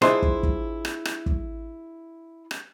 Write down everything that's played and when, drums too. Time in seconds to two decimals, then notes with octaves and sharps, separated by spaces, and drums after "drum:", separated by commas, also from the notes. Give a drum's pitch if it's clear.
0.02 D4 E4 F4 G#4 C5 D#5, drum: rim click
0.22 drum: kick
0.43 drum: kick
0.85 drum: rim click
1.05 drum: rim click
1.26 drum: kick
2.51 drum: rim click